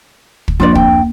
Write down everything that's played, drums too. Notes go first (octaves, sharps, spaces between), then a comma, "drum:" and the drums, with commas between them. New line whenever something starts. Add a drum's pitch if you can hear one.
drum: kick
F2 A#3 D4 F4 D5
G5, drum: kick